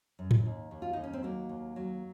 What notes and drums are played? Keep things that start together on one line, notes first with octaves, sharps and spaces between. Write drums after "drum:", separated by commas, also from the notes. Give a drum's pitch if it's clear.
F#2
drum: tom G#2
D#2
D#2
F4
D#2 D#4
C#4
C4
F#3 A#3
D#2
F#3